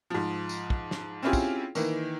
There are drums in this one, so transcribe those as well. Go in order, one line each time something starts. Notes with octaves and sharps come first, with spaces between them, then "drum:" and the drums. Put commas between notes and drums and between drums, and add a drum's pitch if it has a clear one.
G#2 F3
drum: tambourine
drum: kick
drum: snare
C4 C#4 E4 F4 G4 G#4
drum: kick, tambourine
D#3 E3 A#3, drum: tambourine